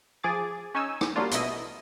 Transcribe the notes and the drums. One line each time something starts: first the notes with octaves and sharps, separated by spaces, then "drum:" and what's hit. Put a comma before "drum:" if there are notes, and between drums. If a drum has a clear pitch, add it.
F3 G#4 D6 A6
C#4 D#4 G#5 E6
drum: rim click
F#3 G3 A#3 D4 F4
A1 B2 E4 D#5, drum: hi-hat